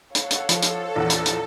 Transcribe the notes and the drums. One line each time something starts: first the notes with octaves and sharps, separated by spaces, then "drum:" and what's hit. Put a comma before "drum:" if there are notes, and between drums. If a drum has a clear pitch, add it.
A4 C#5 F5 F#5, drum: hi-hat
drum: hi-hat
F3 A4, drum: hi-hat
drum: hi-hat
A#1 E2 F#5
drum: hi-hat
drum: hi-hat